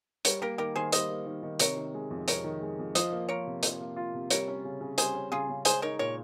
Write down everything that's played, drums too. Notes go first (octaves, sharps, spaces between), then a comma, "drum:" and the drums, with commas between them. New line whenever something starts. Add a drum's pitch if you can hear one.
G3 A#4 C#5, drum: hi-hat
A#3 G4 A#4
D#3 G4 A#4
D#3 G#4 C5
G3 C5 D#5, drum: hi-hat
A#3
D#3
D#3
C3 A#4 C#5, drum: hi-hat
D#3
G#3
F2
C3 A#4 C#5, drum: hi-hat
D#3
G#3
F2
F3 C5 D#5, drum: hi-hat
A#3
F4 A#4 C#5
C3
F3, drum: hi-hat
A#3
F4
C3
G3 A#4 C#5, drum: hi-hat
C#4
C#3
C#3
G3 G#4 C5, drum: hi-hat
C#4
C#3 F4 G#4
C#3
G#3 G#4 C5, drum: hi-hat
D#4 A#4 C#5
A#2 A#4 C#5